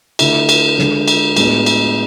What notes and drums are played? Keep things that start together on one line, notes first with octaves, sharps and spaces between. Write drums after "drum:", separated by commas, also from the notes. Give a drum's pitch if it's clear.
D3 A3 E4, drum: cymbal
drum: cymbal
D3 G#3 D4, drum: snare
drum: cymbal
A2 G#3 B3 D4, drum: cymbal
drum: cymbal